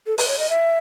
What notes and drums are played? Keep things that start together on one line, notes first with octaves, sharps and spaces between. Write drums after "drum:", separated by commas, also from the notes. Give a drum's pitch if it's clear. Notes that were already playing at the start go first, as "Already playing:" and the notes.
A4
B4, drum: open hi-hat
C#5
D#5
E5